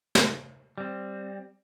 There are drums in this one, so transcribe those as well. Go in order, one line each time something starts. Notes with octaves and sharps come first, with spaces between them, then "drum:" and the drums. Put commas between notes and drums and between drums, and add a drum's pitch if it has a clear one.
drum: snare
G3 C4